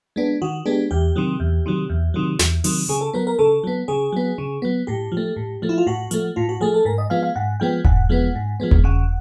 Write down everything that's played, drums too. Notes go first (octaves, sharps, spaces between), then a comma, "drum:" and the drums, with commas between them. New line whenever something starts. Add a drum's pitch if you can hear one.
G#3 B3 D4
D#3 F#4
G#3 B3 D4 G4
E2 G4
C3 D#3 F#3
E2
C3 D#3 F#3
E2
C3 D#3 F#3
E2, drum: snare
C3 D#3 F#3, drum: open hi-hat
C#3 G#4
A4
F#3 B3 A#4
A#4
C#3 A4
F#3 B3
C#3 G#4
F#3 B3
C#3
F#3 B3
A2 G4
F3
A3
A2
F3 A3
E4
F4
A2 F#4
F3 A3, drum: hi-hat
A2 F4
F#4
F3 A3 G#4
A4
G#2 A#4
D#5
F3 G#3 B3 F5
F5
G#2 F#5
F3 G#3 B3 G5
G#2 F#5, drum: kick E1
F3 G#3 B3
G#2
F3 G#3 B3
drum: kick E1
C#3 F#5